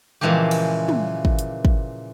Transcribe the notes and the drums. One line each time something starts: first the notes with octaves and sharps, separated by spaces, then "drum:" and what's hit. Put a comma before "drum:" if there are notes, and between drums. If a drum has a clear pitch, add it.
A#2 C#3 E3 F3 G#3 G4
drum: cymbal
drum: tom
drum: kick
drum: hi-hat
drum: kick